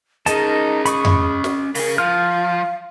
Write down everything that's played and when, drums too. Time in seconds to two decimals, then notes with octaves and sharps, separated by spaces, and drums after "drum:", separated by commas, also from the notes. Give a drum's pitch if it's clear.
0.26 C#4 D#4 G#4 A#4 D#5 A5, drum: hi-hat
0.86 B5 C#6 D#6, drum: hi-hat
1.05 drum: tom F2
1.44 drum: snare
1.75 C#3 G#4 A#4, drum: open hi-hat
1.98 F3 F5 F6